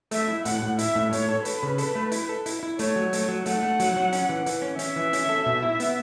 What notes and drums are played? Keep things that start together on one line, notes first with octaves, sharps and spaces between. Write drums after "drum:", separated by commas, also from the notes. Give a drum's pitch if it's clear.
A3 E5, drum: hi-hat
E4
A2 F#5, drum: hi-hat
A2
E4 E5, drum: hi-hat
A2
A2 C#5, drum: hi-hat
A4
A4 B4, drum: hi-hat
C#3
A4, drum: hi-hat
A3
E4, drum: hi-hat
A4
E4, drum: hi-hat
E4
A3 C#5, drum: hi-hat
F#3
A3, drum: hi-hat
F#3
A3 F#5, drum: hi-hat
A3
F#3, drum: hi-hat
F#3
C#4, drum: hi-hat
E3
E3, drum: hi-hat
C#4
C#4 E5, drum: hi-hat
E3
C#4, drum: hi-hat
A4
B2
E4
B3, drum: hi-hat